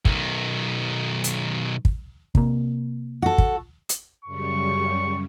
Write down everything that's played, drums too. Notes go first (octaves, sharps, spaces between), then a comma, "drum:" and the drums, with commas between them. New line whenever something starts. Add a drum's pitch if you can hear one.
B1 D#3, drum: kick
drum: hi-hat
drum: kick
C3 A#3, drum: kick
F#4 A4
drum: kick
drum: hi-hat
F#2 C#3 G3 C#6